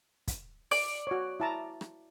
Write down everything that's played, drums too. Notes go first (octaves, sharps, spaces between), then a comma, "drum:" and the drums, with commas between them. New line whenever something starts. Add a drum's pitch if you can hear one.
drum: kick, hi-hat
D5, drum: open hi-hat
F#4 C#5
E4 A5 A#5
drum: rim click